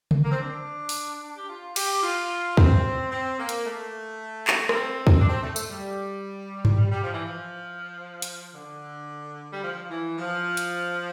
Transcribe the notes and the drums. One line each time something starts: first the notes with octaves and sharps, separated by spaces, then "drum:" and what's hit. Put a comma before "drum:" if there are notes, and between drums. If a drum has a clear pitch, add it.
drum: tom
A#3
C4
D4
drum: open hi-hat
G4
F4
G4, drum: cymbal
F4
C4, drum: kick
C4
A#3
drum: hi-hat
A3
drum: clap
A#3, drum: rim click
C4
drum: kick
D4
C4
A3
A3, drum: tambourine
G3
drum: tom G2
G3
F3
E3
F3
drum: hi-hat
D3
G3
F3
E3
F3
drum: hi-hat